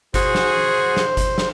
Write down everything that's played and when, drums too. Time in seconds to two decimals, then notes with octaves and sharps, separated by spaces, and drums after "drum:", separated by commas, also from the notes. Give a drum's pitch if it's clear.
0.14 F#4 G#4 C5, drum: kick G1, hi-hat
0.35 drum: snare
0.97 drum: snare
1.17 drum: kick G1, hi-hat
1.38 drum: snare